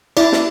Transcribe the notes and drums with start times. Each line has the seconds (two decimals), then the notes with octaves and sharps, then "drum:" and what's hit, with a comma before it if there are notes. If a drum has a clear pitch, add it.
0.17 E4 D5, drum: cymbal
0.32 drum: snare